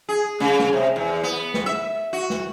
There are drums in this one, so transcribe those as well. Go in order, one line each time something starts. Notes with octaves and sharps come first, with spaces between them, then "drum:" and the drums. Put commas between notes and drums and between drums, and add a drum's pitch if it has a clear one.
G#4
C#3, drum: snare
drum: snare
C3
E2
B3
drum: snare
E5
F#4
drum: snare